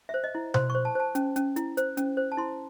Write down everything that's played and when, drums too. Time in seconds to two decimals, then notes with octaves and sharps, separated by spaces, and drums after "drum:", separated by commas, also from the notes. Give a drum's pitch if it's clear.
0.09 E5
0.14 C5
0.24 D#5
0.35 E4
0.54 C5 C6, drum: tom B2
0.70 C#6
0.75 C5
0.85 A5
0.95 C5 A5
1.15 C#4, drum: hi-hat
1.36 C#4, drum: hi-hat
1.56 E4, drum: hi-hat
1.77 C5, drum: hi-hat
1.97 C#4, drum: hi-hat
2.17 C5
2.32 A5
2.37 E4 C6